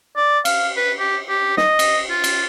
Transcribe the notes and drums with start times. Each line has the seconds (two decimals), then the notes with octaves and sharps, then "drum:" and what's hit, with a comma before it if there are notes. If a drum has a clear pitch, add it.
0.16 D5
0.45 F5, drum: cymbal
0.77 B4
0.99 G4
1.29 G4
1.57 D#5, drum: snare
1.79 drum: cymbal
2.10 F4
2.24 drum: cymbal